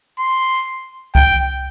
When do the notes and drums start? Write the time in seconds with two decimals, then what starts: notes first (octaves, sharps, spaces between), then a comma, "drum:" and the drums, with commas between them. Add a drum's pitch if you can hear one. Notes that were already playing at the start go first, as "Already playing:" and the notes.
0.19 C6
1.15 G5, drum: kick C2